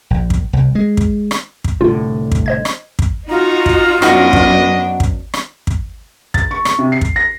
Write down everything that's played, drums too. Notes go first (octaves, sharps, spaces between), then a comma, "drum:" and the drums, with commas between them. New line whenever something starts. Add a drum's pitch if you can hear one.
A#1
drum: kick
C2
G#3
drum: kick
drum: rim click
drum: kick
C2 A2 D3 F4
drum: kick
C5 D#5 G#6
drum: rim click
drum: kick
D#4 F4 F#4 A#5
drum: kick
F#2 B3 D4 D#4 F#4 D#5, drum: rim click
drum: kick
drum: kick
drum: rim click
drum: kick
A6, drum: kick
C#6
C#6, drum: rim click
C3
C7
drum: kick
A#6